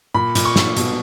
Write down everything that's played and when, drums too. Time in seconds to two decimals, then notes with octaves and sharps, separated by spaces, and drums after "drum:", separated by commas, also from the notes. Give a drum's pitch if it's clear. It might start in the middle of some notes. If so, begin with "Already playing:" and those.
0.14 A#2 B5
0.35 A#2, drum: hi-hat
0.45 C#6
0.56 A#2, drum: snare
0.77 B2, drum: hi-hat